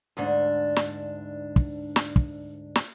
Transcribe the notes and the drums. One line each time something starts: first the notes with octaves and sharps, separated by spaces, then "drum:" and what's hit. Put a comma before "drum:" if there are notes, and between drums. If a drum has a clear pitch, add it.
D2 G#2 D4
drum: snare
drum: kick
drum: snare
drum: kick
drum: snare